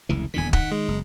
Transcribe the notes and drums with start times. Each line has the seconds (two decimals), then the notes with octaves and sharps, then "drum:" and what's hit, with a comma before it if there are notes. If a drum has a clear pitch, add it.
0.09 F1 C#2 E3
0.34 D#1 E2 D3 G#5 B6
0.53 D#3 F#5 B6, drum: kick
0.72 G#3
0.88 F#1